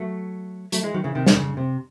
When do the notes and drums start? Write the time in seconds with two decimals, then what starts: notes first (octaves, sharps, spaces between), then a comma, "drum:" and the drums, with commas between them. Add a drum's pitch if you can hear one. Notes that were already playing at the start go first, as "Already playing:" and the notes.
Already playing: F#3 A3
0.72 F#3 A3, drum: hi-hat
0.83 E3 G#3
0.94 D#3 F#3
1.04 C#3 E3
1.15 C3 D#3
1.26 D#3, drum: snare
1.36 C#3
1.57 C3